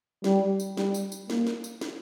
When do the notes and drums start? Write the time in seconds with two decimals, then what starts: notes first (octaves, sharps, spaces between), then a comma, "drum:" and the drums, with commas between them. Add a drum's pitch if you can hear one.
0.24 G3, drum: snare
0.59 drum: tambourine
0.77 G3, drum: snare
0.94 drum: tambourine
1.12 drum: tambourine
1.30 A#3, drum: snare
1.47 drum: snare
1.64 drum: tambourine
1.81 drum: snare